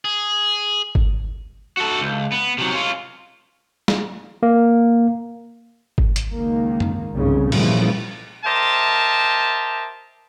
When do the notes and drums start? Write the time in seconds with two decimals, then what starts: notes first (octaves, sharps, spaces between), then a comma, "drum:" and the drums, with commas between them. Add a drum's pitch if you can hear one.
0.05 G#4
0.95 drum: kick G1
1.77 F#4 A4
2.01 C#2
2.32 B3
2.58 C3 F#3
2.71 C#4 F4
3.88 drum: snare
4.43 A#3
5.98 drum: kick G1
6.16 drum: hi-hat
6.33 C#2 D#3 A#3
6.80 drum: tom F#2
7.14 C2 F2 G#2 C#3
7.52 A#2 C#3 E3 F3 G3 A3, drum: cymbal
8.45 G4 A#4 C5 D#5 E5 A5